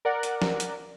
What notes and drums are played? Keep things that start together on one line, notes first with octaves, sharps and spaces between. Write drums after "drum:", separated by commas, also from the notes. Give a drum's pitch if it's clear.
A#4 D5 F#5
drum: hi-hat
drum: snare
drum: hi-hat